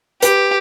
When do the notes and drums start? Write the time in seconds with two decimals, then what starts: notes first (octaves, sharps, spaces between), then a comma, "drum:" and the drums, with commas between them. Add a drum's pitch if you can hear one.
0.22 G4 B4, drum: hi-hat